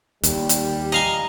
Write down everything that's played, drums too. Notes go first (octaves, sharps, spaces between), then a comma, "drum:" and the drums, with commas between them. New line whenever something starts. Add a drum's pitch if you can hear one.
D#2 G3, drum: hi-hat
drum: hi-hat
D#5 F5 G#5 A#5